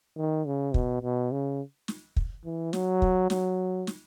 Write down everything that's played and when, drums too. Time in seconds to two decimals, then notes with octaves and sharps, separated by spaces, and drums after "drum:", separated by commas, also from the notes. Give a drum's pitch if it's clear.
0.18 D#3
0.46 C#3
0.74 B2, drum: kick
1.02 B2
1.32 C#3
1.88 drum: snare
2.16 drum: kick
2.45 E3
2.73 F#3, drum: snare
3.02 drum: kick
3.30 F#3, drum: snare
3.87 drum: snare